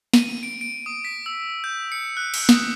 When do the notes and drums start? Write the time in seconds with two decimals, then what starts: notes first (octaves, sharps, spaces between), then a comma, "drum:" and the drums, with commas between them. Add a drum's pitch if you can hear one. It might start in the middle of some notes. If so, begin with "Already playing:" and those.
0.14 D#7, drum: snare
0.43 D7
0.61 D7
0.86 D#6
1.05 B6
1.26 E6
1.64 G6
1.92 C#7
2.17 F#6
2.34 drum: cymbal
2.49 D#6, drum: snare